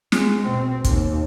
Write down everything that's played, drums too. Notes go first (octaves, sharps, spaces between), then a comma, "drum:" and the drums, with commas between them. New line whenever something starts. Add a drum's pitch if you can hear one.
G#3, drum: snare
B2 C4
D#2, drum: kick, hi-hat